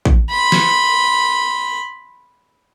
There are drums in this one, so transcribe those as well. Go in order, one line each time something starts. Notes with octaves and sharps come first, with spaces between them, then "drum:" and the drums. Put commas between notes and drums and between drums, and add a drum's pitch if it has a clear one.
drum: kick
B5 C6
drum: snare